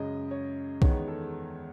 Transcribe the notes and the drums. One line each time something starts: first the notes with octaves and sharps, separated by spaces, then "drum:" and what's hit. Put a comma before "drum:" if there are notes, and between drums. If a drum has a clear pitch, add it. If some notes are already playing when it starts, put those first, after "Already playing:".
Already playing: F#2 C#3 G#3 D#5
C#5
E2 D#3 G#3 B3 C#5, drum: kick B1
A4